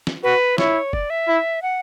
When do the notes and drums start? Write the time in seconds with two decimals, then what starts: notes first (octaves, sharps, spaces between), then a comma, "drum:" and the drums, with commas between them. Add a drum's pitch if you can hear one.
0.07 drum: snare
0.23 F#4 B4
0.58 E4 C#5, drum: snare
0.93 D5, drum: kick
1.10 E5
1.28 E4
1.62 F#5